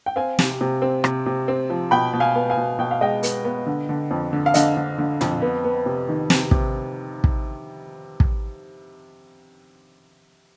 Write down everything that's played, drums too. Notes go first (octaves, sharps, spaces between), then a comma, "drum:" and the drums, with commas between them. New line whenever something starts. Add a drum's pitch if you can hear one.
G5
C4 F5 G#5
C3, drum: snare
C3
C4
C3, drum: rim click
C3
C4
F3
B2 G5 B5
B2
F5 G#5
B3
F5 G#5
B2
B2 G5
F5
G#3 D#5 G5
B3, drum: hi-hat
B3
D3
D3
F2
D3
F5
D3 D#5, drum: hi-hat
D3
D3
F2, drum: tom
B3
B3
C3
D#3
C3, drum: snare
C3, drum: kick
drum: kick
drum: kick